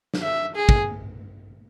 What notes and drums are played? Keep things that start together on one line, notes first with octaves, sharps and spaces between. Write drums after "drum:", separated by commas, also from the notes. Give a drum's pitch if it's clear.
drum: snare
E5
G#4
drum: kick